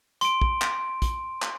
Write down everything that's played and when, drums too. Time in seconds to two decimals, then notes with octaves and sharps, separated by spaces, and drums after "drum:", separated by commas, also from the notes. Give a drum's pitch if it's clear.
0.21 C6 D7, drum: hi-hat
0.41 drum: kick
0.62 drum: clap
1.02 drum: kick, hi-hat
1.42 drum: clap